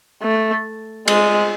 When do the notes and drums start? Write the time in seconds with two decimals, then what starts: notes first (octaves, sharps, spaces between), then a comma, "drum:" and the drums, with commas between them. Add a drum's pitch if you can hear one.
0.22 A3
1.08 G#3, drum: cymbal